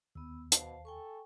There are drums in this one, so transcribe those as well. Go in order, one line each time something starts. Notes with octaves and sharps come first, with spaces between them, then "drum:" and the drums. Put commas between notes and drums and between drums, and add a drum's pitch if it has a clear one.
D#2 B3 E6
B2 C5 F5 A5, drum: hi-hat
A4 G5 G#5 C#6